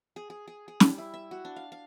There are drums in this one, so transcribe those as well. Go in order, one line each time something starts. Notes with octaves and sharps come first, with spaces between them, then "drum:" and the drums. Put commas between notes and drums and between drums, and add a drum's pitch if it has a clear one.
G#4
G#4
G#4
G#4
G3, drum: snare
E4
E5
F#4
D4
F5
F5